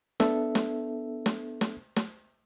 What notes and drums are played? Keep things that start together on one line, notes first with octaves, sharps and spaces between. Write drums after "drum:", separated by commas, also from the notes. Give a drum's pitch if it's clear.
B3 D4 A4 E5, drum: snare
drum: snare
drum: snare
drum: snare
drum: snare